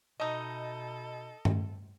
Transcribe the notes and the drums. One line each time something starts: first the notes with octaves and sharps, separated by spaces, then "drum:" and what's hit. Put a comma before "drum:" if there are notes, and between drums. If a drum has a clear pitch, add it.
B2 A3 D#4 A4 D#5
drum: tom G2